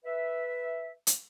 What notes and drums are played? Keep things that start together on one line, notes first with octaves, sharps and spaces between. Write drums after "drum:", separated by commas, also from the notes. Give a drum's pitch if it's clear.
B4 E5
drum: hi-hat